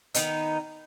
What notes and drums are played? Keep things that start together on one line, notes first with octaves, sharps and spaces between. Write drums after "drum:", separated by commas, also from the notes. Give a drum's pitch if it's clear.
D#3 B3 D#4, drum: hi-hat